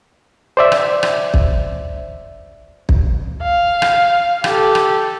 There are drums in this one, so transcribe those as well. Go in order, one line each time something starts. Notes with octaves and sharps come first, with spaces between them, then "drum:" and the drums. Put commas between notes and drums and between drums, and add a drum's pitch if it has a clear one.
C5 D5 E5
drum: rim click
drum: rim click
drum: kick
drum: kick
F5
drum: rim click
G4 A4, drum: rim click
drum: rim click